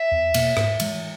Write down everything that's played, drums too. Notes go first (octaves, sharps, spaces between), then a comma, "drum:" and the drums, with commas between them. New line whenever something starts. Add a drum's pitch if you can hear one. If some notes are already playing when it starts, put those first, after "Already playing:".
Already playing: E5
E2
B2 A#3, drum: cymbal
G#2, drum: rim click
E3 G#3, drum: cymbal